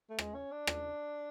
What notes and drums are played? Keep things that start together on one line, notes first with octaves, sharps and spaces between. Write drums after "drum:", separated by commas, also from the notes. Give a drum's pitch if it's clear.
A3
G#3, drum: rim click
C#4
D4
drum: rim click